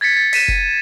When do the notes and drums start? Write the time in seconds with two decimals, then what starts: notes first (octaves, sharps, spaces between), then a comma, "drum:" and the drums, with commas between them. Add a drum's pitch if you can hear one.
0.01 G#6 A6 B6 C#7
0.17 A6
0.33 B6 D#7 E7, drum: open hi-hat
0.48 drum: kick F1